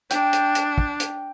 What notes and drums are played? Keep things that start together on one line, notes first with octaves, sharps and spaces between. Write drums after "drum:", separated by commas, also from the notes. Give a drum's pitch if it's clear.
D4 G5, drum: hi-hat
drum: hi-hat
drum: hi-hat
drum: kick
drum: hi-hat